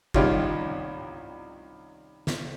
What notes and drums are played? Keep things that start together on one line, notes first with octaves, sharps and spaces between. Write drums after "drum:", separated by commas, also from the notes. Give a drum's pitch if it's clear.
C2 D#3 C#4 D#4 F4 G4, drum: kick
drum: snare